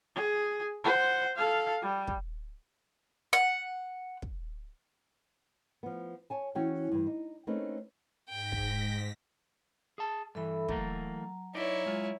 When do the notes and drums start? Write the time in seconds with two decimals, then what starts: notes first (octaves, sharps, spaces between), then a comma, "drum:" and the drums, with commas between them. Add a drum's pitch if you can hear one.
0.15 G#4
0.84 C5 F#5
1.36 A4 F5
1.82 G3
2.07 drum: kick
3.33 F#5
4.22 drum: kick
5.83 F3 B3
6.30 C#5 G#5 A5
6.55 E3 C#4 F#4 C#5 E5 G5
6.91 G2 E3
7.07 D#4
7.47 A3 A#3 C4 C#4 D#4 B4
8.30 G#2 G5 A#6 B6
8.52 drum: kick
9.98 G#4 A5
10.35 G2 E3 A4 E5 B5
10.69 E3 F#3 A3 A#3 A#5, drum: kick
11.55 D#4 E4 B4 C#5 D5
11.86 G#3 F4